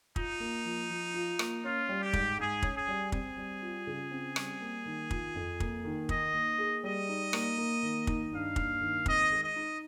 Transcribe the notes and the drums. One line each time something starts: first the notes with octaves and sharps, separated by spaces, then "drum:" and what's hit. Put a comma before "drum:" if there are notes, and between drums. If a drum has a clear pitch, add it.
D#4 F4, drum: kick
A#3
F3
F3
F4
A#3, drum: rim click
C#4 F4
G3
G4
G#2, drum: kick
G#2 G#4
C#4, drum: kick
G#4
G3
C4 G#4, drum: kick
G3
F4
C#3
C4
G3, drum: rim click
A#3
D#3
F4, drum: kick
F2
A#3, drum: kick
D#3
D#4 D#5, drum: kick
A#3
G#4
G3 D#5
D#4
A#3, drum: rim click
A#3
D#3
D#4, drum: kick
G2 F5
A#3, drum: kick
D#3
C4 D#5, drum: kick
G#3
D#5
D#4